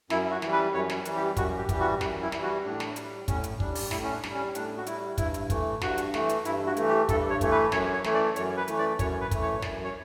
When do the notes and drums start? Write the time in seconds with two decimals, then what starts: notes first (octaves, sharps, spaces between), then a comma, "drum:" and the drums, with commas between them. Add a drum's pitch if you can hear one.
0.10 F#2 E4, drum: snare
0.31 F#4
0.42 E3 G3, drum: snare
0.53 B4
0.74 F#2 C#5
0.90 drum: snare
1.05 E3 G3, drum: hi-hat
1.16 G4
1.37 F#2 F#4, drum: kick, hi-hat
1.58 G4
1.69 E3 G3 G4, drum: kick, hi-hat
1.80 F#4
2.01 F#2, drum: snare
2.22 E4
2.32 E3 G3, drum: snare
2.43 F#4
2.64 A2 D4
2.80 drum: snare
2.96 G3, drum: hi-hat
3.28 A2 C#4, drum: kick, hi-hat
3.44 drum: hi-hat
3.60 G3 D4, drum: kick
3.75 drum: open hi-hat
3.91 A2 E4, drum: snare
4.03 C#4
4.12 D4
4.23 G3, drum: snare
4.34 C#4
4.55 A2 D4, drum: hi-hat
4.77 F#4
4.87 G3 E4, drum: hi-hat
5.18 G2 E4, drum: kick, hi-hat
5.34 drum: hi-hat
5.50 E3 A3, drum: kick, hi-hat
5.81 G2 F#4, drum: snare
5.98 drum: hi-hat
6.14 E3 A3, drum: snare
6.29 drum: hi-hat
6.45 G2 E4, drum: hi-hat
6.66 F#4
6.77 E3 A3, drum: hi-hat
6.88 G4
7.09 G2 A4, drum: kick, hi-hat
7.30 C#5
7.41 E3 A3, drum: kick, hi-hat
7.51 B4
7.72 F#2 C#5, drum: snare
7.93 C#5
8.04 E3 A3, drum: snare
8.14 D5
8.36 F#2 C#5, drum: hi-hat
8.57 B4
8.68 E3 A3, drum: hi-hat
8.78 D5
8.99 F#2 C#5, drum: kick, hi-hat
9.21 B4
9.31 E3 A3, drum: kick, hi-hat
9.42 C#5
9.59 C#5
9.62 F#2 D5, drum: snare
9.84 C#5